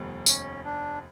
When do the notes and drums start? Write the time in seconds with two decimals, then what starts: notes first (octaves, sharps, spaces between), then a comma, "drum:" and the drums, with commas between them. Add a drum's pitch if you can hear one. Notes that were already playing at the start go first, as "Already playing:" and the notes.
Already playing: F1 D#2 G3 B3
0.26 C#4, drum: tambourine
0.65 D4